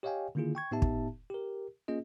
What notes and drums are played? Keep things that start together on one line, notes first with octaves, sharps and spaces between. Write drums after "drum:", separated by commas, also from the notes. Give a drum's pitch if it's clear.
G4 C#5 D#5 F5 G5 G#5
D3 D#3 A#3 E4 F4 G#4
G5 C#6 G#6
A2 B3 D#4 G4 E5 A5
drum: kick
G4 A#4
A#3 C#4 F4 G#4 D#5